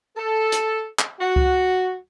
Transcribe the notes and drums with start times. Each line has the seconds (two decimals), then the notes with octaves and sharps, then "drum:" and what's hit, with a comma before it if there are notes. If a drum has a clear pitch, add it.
0.17 A4
0.52 drum: hi-hat
0.99 drum: clap
1.20 F#4
1.36 drum: kick C#2